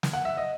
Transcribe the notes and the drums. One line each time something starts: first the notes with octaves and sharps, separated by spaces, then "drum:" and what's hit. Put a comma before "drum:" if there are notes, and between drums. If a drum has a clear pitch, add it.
drum: snare
F#5
E5
D#5